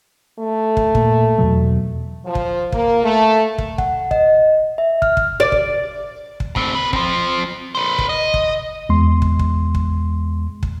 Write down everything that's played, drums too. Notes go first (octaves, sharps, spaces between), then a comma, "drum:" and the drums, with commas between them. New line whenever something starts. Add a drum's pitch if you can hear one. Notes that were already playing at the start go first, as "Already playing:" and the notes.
A3
drum: kick
A#2, drum: kick
E2 B2 F#3
F3
drum: kick
A#3, drum: kick
A3
drum: kick
F#5, drum: kick
D#5, drum: kick
E5
F6, drum: kick
drum: kick
D5
drum: kick
drum: kick
A2 C4, drum: kick
A#3 B4
F3 C4, drum: kick
B4 C5
drum: kick
D#5
drum: kick
E2 G#3 C6
drum: kick
drum: kick
drum: kick
drum: kick